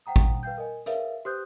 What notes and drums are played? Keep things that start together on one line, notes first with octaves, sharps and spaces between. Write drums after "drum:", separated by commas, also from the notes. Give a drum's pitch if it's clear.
C5 F#5 G5 A#5 D#6
drum: kick
B4 F5 G5 G6
A#4 D#5 G#5
G#4 A#4 B4 C#5 E5 F5, drum: hi-hat
G4 B4 C5 D#6 F#6 G6